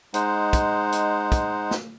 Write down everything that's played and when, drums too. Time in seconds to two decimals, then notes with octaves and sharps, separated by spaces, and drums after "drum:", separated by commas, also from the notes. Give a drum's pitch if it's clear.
0.14 G#3 D#4 C5 F#5, drum: hi-hat
0.53 drum: kick, hi-hat
0.92 drum: hi-hat
1.32 drum: kick, hi-hat
1.71 drum: snare